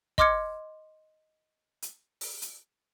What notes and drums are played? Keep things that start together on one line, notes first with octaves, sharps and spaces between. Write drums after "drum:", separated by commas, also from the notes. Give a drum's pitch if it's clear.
D#5 C6 D6 F6 G#6 C#7, drum: kick
drum: hi-hat
drum: open hi-hat
drum: hi-hat